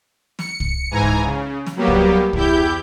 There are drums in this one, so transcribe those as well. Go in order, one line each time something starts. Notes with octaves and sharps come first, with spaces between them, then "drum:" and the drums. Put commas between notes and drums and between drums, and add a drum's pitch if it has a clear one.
C#7, drum: snare
drum: kick
G#2 E3 G#5 A#5
drum: kick
C#3
drum: snare
F#3 G3 A#3 B3 G4
drum: kick
E2 E4 G4 G6, drum: kick